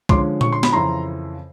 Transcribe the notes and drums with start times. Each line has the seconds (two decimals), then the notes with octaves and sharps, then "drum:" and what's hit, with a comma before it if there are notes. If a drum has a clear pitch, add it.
0.09 D3 F3 G#3 C#4 C6 D6, drum: kick
0.41 C#6, drum: tom A#2
0.52 C6
0.63 B5, drum: snare
0.72 F2 C#3 E3 A#5 C6